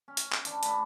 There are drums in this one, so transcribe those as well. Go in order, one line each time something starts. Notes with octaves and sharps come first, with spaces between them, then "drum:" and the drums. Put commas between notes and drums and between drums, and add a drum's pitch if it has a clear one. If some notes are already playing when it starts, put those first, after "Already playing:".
C#4
drum: hi-hat
drum: clap
E3 D4, drum: hi-hat
A2 B4 D5, drum: hi-hat